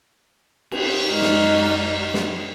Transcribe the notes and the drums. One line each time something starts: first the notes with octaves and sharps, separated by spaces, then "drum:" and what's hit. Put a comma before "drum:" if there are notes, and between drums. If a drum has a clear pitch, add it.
drum: cymbal
F#2 G#3 D#4 D5 C#6 F6
drum: snare
drum: snare